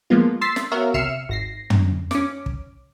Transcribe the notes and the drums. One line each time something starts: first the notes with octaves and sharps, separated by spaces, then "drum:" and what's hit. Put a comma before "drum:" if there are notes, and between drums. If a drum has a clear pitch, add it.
F3 G#3 A#3 B3 F4
C6 E6 A6 B6 C7
drum: snare
B3 F#4 A#4 C#5 E5 F5
C3 E5 F6 C7 C#7 E7, drum: kick
G#1 A#6 C7
drum: tom
C#4 D6, drum: snare
drum: kick